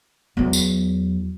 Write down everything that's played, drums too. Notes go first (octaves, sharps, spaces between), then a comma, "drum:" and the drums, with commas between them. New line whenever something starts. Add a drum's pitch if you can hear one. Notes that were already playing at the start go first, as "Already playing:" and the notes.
E2 F#3
drum: tambourine